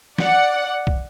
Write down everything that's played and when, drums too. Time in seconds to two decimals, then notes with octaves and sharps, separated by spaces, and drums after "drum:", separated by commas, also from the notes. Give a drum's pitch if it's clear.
0.18 D5 F#5, drum: snare
0.87 drum: kick